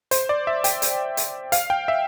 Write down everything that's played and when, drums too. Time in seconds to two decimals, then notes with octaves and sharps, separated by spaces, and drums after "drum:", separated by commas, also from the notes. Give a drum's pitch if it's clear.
0.11 C5, drum: hi-hat
0.29 D5
0.47 E5
0.64 G5, drum: hi-hat
0.82 drum: hi-hat
1.17 drum: hi-hat
1.52 F5, drum: hi-hat
1.70 G5
1.88 E5